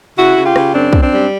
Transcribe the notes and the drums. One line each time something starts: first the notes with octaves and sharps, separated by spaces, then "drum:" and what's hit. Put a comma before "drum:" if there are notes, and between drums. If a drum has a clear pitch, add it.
C#3 E4 F#4
C#3
F4 G4
C#3, drum: rim click
F#2 C4 D4
F#2, drum: kick
C4 D4
G3